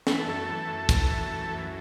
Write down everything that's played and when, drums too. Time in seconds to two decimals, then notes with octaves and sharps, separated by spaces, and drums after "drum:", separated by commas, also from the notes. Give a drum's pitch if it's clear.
0.07 E3 A4, drum: snare
0.14 B4
0.20 A3 A4
0.26 F#2
0.48 E3
0.68 F#2
0.89 E3, drum: kick, hi-hat
1.09 F#2
1.30 E3
1.50 F#2